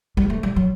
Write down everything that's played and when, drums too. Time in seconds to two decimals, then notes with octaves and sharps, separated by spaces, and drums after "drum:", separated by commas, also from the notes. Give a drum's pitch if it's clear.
0.17 G3, drum: kick
0.30 A3
0.43 G3
0.56 F#3